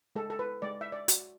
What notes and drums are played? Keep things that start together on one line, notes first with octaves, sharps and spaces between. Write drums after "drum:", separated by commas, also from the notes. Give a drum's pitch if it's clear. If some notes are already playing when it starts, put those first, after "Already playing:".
G#3 A4
A4
B4
G#3 D5
E5
D5
F#4, drum: hi-hat